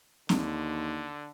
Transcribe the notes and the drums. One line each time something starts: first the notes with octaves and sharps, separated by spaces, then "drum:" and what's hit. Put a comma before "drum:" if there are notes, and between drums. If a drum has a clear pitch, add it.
D#2 D3, drum: snare C4